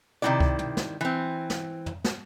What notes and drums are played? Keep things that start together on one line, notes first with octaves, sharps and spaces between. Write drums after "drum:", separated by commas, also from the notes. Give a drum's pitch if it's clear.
C3 D#3 G#3 C4 E4 D5
drum: kick C#2
drum: tom
drum: snare
E3 C4
drum: snare
drum: tom
drum: snare